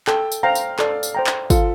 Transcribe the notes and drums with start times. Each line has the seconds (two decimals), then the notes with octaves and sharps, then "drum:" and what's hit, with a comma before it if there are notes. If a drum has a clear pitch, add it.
0.07 A4 G5, drum: clap
0.32 drum: tambourine
0.43 C5 F5 G5 A#5
0.55 drum: tambourine
0.79 A4 D5, drum: clap
1.03 drum: tambourine
1.15 C5 G5 A#5
1.27 drum: clap
1.50 F4 A4, drum: kick, tambourine